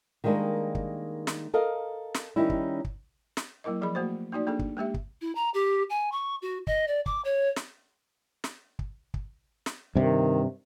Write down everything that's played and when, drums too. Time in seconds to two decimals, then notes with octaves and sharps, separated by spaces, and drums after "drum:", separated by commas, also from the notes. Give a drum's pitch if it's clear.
0.24 D#3 G3 G#3 A#3 D4
0.75 drum: kick
1.27 drum: snare
1.54 A4 A#4 D#5 F5
2.15 drum: snare
2.36 D#3 G3 C#4 D#4 E4
2.50 drum: kick
2.85 drum: kick
3.37 drum: snare
3.64 F#3 A#3 E4 A#4 D#5
3.81 F3 G#4 D#5 B5
3.95 A3 A#3 F#4 C5
4.32 A#3 D#4 F#4 D5
4.47 A#3 D4 G#4 A4
4.59 drum: kick
4.77 G#3 A#3 G4 E5
4.94 drum: kick
5.21 E4
5.35 A#5
5.54 G4
5.90 G#5
6.12 C#6
6.42 F#4
6.67 D#5, drum: kick
6.88 D5
7.06 D6, drum: kick
7.25 C#5
7.56 drum: snare
8.44 drum: snare
8.79 drum: kick
9.14 drum: kick
9.66 drum: snare
9.95 G2 C3 D#3